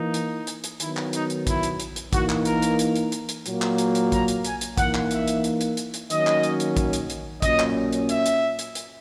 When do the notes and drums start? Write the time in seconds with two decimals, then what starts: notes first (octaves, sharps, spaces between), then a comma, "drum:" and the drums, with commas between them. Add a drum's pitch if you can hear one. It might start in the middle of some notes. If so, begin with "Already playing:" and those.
Already playing: E3 A#3 D#4
0.14 drum: hi-hat
0.47 drum: hi-hat
0.64 drum: hi-hat
0.80 D#3 F#3 B3 E4, drum: hi-hat
0.97 drum: clap
1.13 D#4, drum: hi-hat
1.30 drum: hi-hat
1.47 E4, drum: kick, hi-hat
1.63 drum: hi-hat
1.80 drum: hi-hat
1.96 drum: hi-hat
2.13 E3 A#3 D#4 F#4, drum: kick, hi-hat
2.29 drum: clap
2.45 A#4, drum: hi-hat
2.62 drum: hi-hat
2.79 drum: hi-hat
2.96 drum: hi-hat
3.12 drum: hi-hat
3.29 drum: hi-hat
3.46 A#2 F#3 A#3, drum: hi-hat
3.62 drum: clap
3.78 drum: hi-hat
3.95 drum: hi-hat
4.12 A#5, drum: kick, hi-hat
4.28 drum: hi-hat
4.45 G#5, drum: hi-hat
4.61 drum: hi-hat
4.78 E3 A#3 D#4 F#5, drum: kick, hi-hat
4.94 drum: clap
5.11 E5, drum: hi-hat
5.27 drum: hi-hat
5.44 drum: hi-hat
5.61 drum: hi-hat
5.77 drum: hi-hat
5.94 drum: hi-hat
6.10 D#3 F#3 A#3 C#4 D#5, drum: hi-hat
6.27 drum: clap
6.43 drum: hi-hat
6.60 drum: hi-hat
6.77 drum: kick, hi-hat
6.93 drum: hi-hat
7.10 drum: hi-hat
7.42 A#2 F#3 C#4 D#5, drum: kick, hi-hat
7.59 drum: clap
7.93 drum: hi-hat
8.09 E5, drum: hi-hat
8.26 drum: hi-hat
8.59 drum: hi-hat
8.75 drum: hi-hat